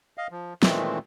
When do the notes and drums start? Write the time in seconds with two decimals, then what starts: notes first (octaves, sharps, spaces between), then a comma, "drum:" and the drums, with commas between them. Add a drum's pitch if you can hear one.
0.18 D#5 F5
0.31 F3
0.63 A#2 D#3 E3 G#3 A3 C4, drum: snare